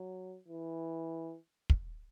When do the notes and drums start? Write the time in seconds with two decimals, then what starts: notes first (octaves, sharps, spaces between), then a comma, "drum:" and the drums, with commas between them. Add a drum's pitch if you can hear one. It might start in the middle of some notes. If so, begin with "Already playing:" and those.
Already playing: F#3
0.48 E3
1.70 drum: kick